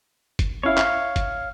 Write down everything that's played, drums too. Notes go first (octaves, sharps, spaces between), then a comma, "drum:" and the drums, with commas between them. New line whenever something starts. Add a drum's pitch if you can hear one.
drum: kick F#1, hi-hat
C#4 E4 C#5 F5
E5, drum: clap
drum: kick F#1, hi-hat